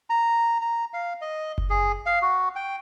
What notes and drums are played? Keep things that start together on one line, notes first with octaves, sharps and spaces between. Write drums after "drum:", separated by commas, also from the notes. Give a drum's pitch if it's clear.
A#5
A#5
F5
D#5
drum: kick F#1
G#4
F5
F#4
G5